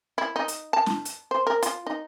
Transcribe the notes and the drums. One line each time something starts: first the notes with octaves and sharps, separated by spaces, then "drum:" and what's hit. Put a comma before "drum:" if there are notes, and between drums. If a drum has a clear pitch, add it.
E4
D#4
drum: hi-hat
A5
drum: snare
drum: hi-hat
C5
A#4
F4, drum: hi-hat
D#4